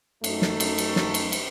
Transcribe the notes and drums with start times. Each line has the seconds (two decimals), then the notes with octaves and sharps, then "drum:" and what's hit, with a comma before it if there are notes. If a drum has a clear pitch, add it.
0.24 F#2 A3 D#4, drum: cymbal
0.42 drum: snare
0.60 drum: cymbal
0.78 drum: cymbal
0.96 drum: snare
1.14 drum: cymbal
1.32 drum: cymbal